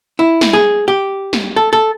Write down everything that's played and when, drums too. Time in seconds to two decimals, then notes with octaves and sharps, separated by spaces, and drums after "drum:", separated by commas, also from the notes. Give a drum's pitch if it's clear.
0.19 E4
0.41 drum: snare
0.53 G#4
0.88 G4
1.33 drum: snare
1.56 A4
1.73 A4